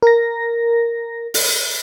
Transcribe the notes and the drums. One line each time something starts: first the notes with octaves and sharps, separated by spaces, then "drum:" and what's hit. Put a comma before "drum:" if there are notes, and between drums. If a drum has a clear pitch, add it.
A#4 A#6
drum: open hi-hat